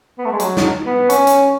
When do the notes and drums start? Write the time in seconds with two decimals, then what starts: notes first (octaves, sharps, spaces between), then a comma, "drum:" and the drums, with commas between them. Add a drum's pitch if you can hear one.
0.18 B3
0.25 A3
0.32 G#3
0.40 F#3, drum: hi-hat
0.57 drum: snare
0.86 B3
1.10 C#4, drum: hi-hat
1.27 drum: hi-hat